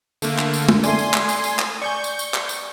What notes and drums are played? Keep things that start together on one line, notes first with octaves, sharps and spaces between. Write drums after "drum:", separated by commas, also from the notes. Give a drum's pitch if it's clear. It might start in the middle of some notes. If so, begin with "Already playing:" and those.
D3 A3 A#3, drum: tambourine
drum: clap
drum: tambourine
drum: tom
A3 D5 G#5 C6, drum: tambourine
drum: tambourine
drum: clap
drum: tambourine
drum: tambourine
drum: clap
D5 G#5 C#6 G6
drum: tambourine
drum: tambourine
drum: clap
drum: tambourine